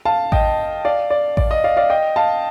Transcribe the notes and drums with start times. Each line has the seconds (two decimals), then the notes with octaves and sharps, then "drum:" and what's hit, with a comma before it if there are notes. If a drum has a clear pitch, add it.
0.05 F5 A5
0.32 D#5 G5, drum: kick A1
0.85 D5 F5
1.10 D5
1.37 D5, drum: kick A1
1.51 D#5
1.64 D5 F5
1.77 D5 F5
1.90 D#5 G5
2.16 F5 A5